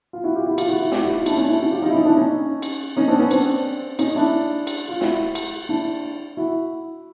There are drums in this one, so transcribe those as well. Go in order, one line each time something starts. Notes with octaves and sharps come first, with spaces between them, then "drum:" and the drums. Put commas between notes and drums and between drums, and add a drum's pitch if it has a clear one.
F4
E4 F#4
F4 G4
E4 F#4
F4 G4, drum: cymbal
E4 F#4
E4 F#4
F4 G4, drum: snare
E4 F#4
D#4 F4
D4 E4, drum: cymbal
C#4 D#4
D4 E4
E4 F#4
F4 G4
D#4 F4
E4
C#4 D#4
D4 E4
C#4 D#4
drum: cymbal
C#4 D#4
C4 D4
B3 C#4
C4 D4, drum: cymbal
C#4 D#4, drum: cymbal
D4 E4
drum: cymbal
F4
E4 F#4, drum: snare
drum: cymbal
D4 E4
E4 F#4